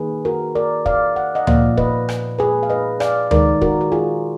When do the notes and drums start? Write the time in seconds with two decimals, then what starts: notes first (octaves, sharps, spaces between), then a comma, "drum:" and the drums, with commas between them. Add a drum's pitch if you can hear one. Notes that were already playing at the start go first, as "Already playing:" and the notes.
Already playing: D#3 A#3 G#4 B4
0.25 F#4 A#4
0.55 A#4 D5
0.86 D5 F5, drum: kick
1.16 F#5
1.35 D#5 F#5
1.47 A#2 F3 A#3 D5 F5, drum: tom D2
1.77 B4 D#5, drum: kick
2.09 drum: rim click
2.39 G#4 B4
2.63 F5
2.70 B4 D#5
3.00 D5 F5, drum: rim click
3.31 D#3 G#3 A#4 D5, drum: tom D2
3.61 F#4 A#4, drum: kick
3.81 F#4
3.92 F4 G#4